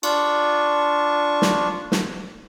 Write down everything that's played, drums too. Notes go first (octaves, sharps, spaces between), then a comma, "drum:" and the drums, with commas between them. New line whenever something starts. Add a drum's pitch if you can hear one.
D4 F4 C#6, drum: cymbal
drum: snare
drum: snare